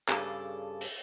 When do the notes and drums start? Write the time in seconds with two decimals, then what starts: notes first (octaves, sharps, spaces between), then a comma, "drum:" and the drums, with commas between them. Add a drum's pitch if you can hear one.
0.09 G2 C#3 G#4 A4 D5, drum: clap
0.81 drum: open hi-hat